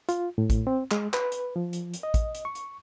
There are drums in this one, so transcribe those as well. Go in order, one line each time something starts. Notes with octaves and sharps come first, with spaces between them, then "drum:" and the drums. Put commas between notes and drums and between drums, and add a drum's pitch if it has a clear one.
F4, drum: hi-hat
A2
drum: kick, hi-hat
C4
G#3, drum: clap
B4, drum: clap
drum: hi-hat
F3
drum: hi-hat
drum: hi-hat
D#5
drum: kick, hi-hat
drum: hi-hat
C#6
drum: hi-hat